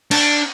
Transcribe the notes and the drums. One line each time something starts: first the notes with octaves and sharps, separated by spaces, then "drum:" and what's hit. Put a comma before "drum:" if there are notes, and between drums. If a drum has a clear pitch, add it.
D4, drum: cymbal